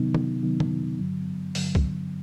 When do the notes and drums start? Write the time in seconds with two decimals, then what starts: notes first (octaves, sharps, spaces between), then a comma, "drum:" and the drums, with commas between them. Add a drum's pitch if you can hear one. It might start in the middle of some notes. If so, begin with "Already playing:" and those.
Already playing: C3 D#3 F#3 B3 D#4
0.14 drum: tom
0.43 C3 D#3 F#3 B3 D#4
0.60 drum: tom
0.99 G2 D3 F#3
1.55 G2 D3 F#3, drum: open hi-hat
1.75 drum: kick